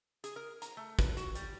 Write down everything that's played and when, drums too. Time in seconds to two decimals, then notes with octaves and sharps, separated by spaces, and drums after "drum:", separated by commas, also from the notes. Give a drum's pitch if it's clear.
0.24 G#4, drum: hi-hat
0.36 A#4
0.62 A#5, drum: hi-hat
0.77 A3
0.99 B4, drum: kick, hi-hat
1.17 F#4, drum: hi-hat
1.35 G3, drum: hi-hat